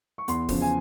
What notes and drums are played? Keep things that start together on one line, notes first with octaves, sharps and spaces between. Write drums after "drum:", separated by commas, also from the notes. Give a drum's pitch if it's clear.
C#6
E2 C6, drum: hi-hat
C#3 F3, drum: kick, open hi-hat
G#5